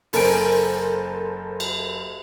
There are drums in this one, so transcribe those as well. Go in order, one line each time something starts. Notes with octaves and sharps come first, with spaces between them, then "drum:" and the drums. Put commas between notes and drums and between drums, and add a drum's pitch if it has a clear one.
F#1 A4 A#4 C5 G#5 D7, drum: open hi-hat
drum: cymbal